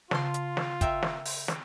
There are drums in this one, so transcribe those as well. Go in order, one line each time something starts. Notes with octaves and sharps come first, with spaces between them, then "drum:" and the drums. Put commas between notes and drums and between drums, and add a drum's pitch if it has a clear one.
C#3 F4 A5 C6, drum: snare
drum: hi-hat
drum: snare
A#4 E5 G5, drum: kick, hi-hat
drum: snare
drum: open hi-hat
drum: snare